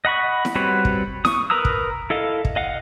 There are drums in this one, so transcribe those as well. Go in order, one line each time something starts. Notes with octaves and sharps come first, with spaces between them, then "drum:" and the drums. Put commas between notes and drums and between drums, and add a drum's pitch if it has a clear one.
D#5 F#5 B5 C#6
drum: snare E4
G3 C4 F#4 B4 C#5
drum: kick
C#6 D#6, drum: snare E4
A#4 B4 A#5 D#6 E6
drum: kick
E4 A4 D#5 F5
drum: kick
D#5 F5 F#5